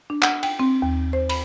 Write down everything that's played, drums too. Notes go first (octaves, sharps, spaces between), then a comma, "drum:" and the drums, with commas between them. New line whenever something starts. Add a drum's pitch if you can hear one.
D4
F#5, drum: clap
G5, drum: cymbal
C4
D#2
C5
B5, drum: cymbal